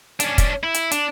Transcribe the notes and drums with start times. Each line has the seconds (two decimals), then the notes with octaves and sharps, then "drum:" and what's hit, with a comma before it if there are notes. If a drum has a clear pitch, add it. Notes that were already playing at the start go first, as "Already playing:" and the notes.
0.20 C#4 D4, drum: hi-hat
0.38 drum: kick, hi-hat
0.63 E4
0.74 drum: hi-hat
0.91 D4, drum: hi-hat